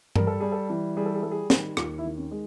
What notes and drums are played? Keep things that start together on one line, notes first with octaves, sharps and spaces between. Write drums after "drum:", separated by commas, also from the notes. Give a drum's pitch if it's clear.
G3 A#4, drum: tom G2
A4
G3 G#4
A4
E3
G3 G#4
A4
G#4
G3 A4
G#4
D#3, drum: snare
D#2 F4, drum: rim click
E4
D#3
C#4
G#3